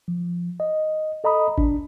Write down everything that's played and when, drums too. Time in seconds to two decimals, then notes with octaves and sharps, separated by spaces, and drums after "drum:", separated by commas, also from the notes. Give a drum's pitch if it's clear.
0.08 F3
0.60 D#5
1.24 A4 D#5 A#5 B5 D#6
1.58 D4, drum: kick G#1